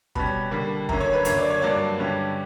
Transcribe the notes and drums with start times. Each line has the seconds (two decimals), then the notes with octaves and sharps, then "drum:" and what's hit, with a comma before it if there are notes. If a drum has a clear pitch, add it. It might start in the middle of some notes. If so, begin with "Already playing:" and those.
0.15 B2 G3 C#4 B5, drum: kick
0.51 D3 G3 A#3
0.89 F#2 D3 A#3 C#4 A#5, drum: kick
1.01 C#5
1.13 B4
1.25 F#2 D3 A#3 C#5, drum: hi-hat
1.38 D5
1.50 C#5
1.62 G2 F#3 A#3 D4 D5
1.99 G2 D3 G3 C#4